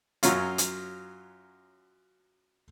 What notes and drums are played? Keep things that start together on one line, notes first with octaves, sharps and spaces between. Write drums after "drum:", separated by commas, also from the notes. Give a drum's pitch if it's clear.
F#2 F#3 C#4 F4, drum: hi-hat
drum: hi-hat